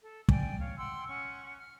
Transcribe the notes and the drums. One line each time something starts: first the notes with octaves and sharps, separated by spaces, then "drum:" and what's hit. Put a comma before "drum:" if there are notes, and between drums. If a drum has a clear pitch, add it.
A4
D5 G5 G#5, drum: kick
C#5 F5
F#5 G5 C6 E6
C#4 F#5 C#6
F6